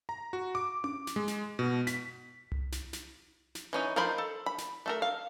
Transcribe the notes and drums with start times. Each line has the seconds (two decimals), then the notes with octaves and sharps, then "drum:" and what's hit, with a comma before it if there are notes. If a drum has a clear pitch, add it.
0.09 A#5
0.33 F#4
0.55 D6
0.84 D6, drum: tom C#4
1.07 drum: snare
1.16 G#3
1.28 drum: snare
1.59 B2
1.87 B6, drum: snare
2.52 drum: tom C2
2.72 drum: snare
2.93 drum: snare
3.55 drum: snare
3.73 E3 C#4 D#4
3.96 F3 D#4 A#4 C5 B5
4.18 A4
4.46 B5
4.58 drum: snare
4.86 A3 A4 A#4
5.02 F5